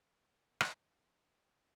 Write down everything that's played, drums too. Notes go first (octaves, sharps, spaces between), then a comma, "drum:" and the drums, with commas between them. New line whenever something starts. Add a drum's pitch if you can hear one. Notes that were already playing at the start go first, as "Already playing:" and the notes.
Already playing: G#3 C4 D#4 G4 C5
drum: rim click
C3 F3 A#3